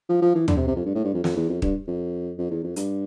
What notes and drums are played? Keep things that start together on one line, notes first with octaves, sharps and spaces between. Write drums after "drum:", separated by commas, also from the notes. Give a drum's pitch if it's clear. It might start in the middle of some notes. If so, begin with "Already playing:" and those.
F3
F3
E3
D3, drum: tom
C3
C3
F2
G2
A2
G2
F2
F2, drum: snare
E2
F2
G2, drum: kick
F2
F2
E2
F2
G2, drum: hi-hat